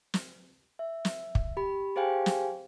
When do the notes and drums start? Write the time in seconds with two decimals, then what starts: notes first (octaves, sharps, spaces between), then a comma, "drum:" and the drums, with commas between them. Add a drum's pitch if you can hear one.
0.14 drum: snare
0.79 E5
1.05 drum: snare
1.35 drum: kick
1.57 G4 B5
1.96 G4 G#4 C5 F5 G5 G#5
2.26 drum: snare